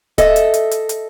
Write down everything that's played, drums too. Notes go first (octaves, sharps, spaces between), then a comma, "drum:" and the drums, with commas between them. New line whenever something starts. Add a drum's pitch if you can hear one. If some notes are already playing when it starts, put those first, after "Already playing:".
A4 D#5 E5, drum: kick, hi-hat
drum: hi-hat
drum: hi-hat
drum: hi-hat
drum: hi-hat